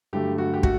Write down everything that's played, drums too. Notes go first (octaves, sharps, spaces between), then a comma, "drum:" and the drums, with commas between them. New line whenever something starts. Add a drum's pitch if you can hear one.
G2 D3 F#3 A3 G4
F#4
G4
A3 F#4, drum: kick